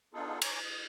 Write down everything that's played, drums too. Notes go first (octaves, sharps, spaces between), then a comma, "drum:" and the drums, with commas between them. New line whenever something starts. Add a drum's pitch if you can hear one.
B3 D4 D#4 F4 G#4 A4
C#5 G#5 A#5 D6, drum: cymbal
D#6